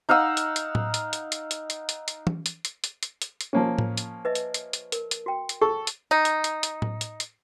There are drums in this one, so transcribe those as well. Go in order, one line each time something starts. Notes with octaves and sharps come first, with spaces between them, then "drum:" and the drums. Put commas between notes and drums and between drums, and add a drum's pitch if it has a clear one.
D#4 F5 F#5 E6
drum: hi-hat
drum: hi-hat
drum: tom A2
drum: hi-hat
drum: hi-hat
drum: hi-hat
drum: hi-hat
drum: hi-hat
drum: hi-hat
drum: hi-hat
drum: tom
drum: hi-hat
drum: hi-hat
drum: hi-hat
drum: hi-hat
drum: hi-hat
drum: hi-hat
F3 A#3 C#4
drum: tom A2
drum: hi-hat
B4 D#5 E5
drum: hi-hat
drum: hi-hat
drum: hi-hat
A#4, drum: hi-hat
drum: hi-hat
F#4 G5
drum: hi-hat
A4 C#6
drum: hi-hat
D#4
drum: hi-hat
drum: hi-hat
drum: hi-hat
drum: tom A2
drum: hi-hat
drum: hi-hat